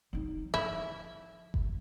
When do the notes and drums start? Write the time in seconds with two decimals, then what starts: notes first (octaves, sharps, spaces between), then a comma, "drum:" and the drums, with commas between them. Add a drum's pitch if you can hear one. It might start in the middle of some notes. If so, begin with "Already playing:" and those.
0.13 F#3 D#4
0.54 F3 E4
1.54 drum: kick G1